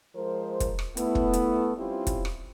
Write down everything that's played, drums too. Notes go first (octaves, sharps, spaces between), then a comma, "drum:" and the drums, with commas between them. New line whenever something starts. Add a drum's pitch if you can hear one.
F3 G#3 A#4 C5
drum: kick, hi-hat
drum: rim click
A3 B3 E4, drum: hi-hat
drum: kick
drum: hi-hat
G3 C4 C#4 E4 F4 G4
drum: kick, hi-hat
drum: rim click